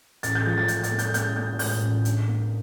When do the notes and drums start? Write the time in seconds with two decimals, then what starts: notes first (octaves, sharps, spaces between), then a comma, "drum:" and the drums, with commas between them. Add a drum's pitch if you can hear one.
0.23 A1 A6, drum: hi-hat
0.35 G6
0.46 F3 A6
0.58 A6
0.68 A2 G6, drum: hi-hat
0.84 A6, drum: hi-hat
0.91 A#3
0.99 G6, drum: hi-hat
1.14 A#3 G6, drum: hi-hat
1.36 A#3 G6
1.59 A2 G6, drum: open hi-hat
1.83 A1
2.05 D3, drum: hi-hat
2.28 A#3